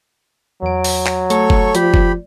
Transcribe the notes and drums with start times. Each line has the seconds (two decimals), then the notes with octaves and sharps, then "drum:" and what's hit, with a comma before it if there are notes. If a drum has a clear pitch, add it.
0.63 E2 F#3 D7
0.84 drum: open hi-hat
1.06 drum: clap
1.30 A3 A4 C#5 C#6, drum: hi-hat
1.50 drum: kick F#1
1.75 F3 G4 D5 B5, drum: hi-hat
1.94 drum: kick F#1